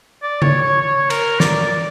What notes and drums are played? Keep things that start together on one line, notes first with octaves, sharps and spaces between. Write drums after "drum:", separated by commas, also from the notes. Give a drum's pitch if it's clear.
D5
C#5, drum: tom C#3
C#5
C#5
A#4, drum: cymbal
D5, drum: snare
D5